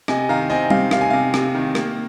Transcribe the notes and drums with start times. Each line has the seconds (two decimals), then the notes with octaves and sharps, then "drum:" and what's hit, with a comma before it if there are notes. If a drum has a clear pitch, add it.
0.08 C3 D#5 G#5, drum: rim click
0.29 D#3 F5 A#5
0.50 C4 D#5 G#5
0.70 C3 F5, drum: tom G3
0.91 C3 F5, drum: rim click
1.01 G#5
1.10 C3 F5
1.34 C3, drum: rim click
1.55 D#3
1.75 A#3, drum: rim click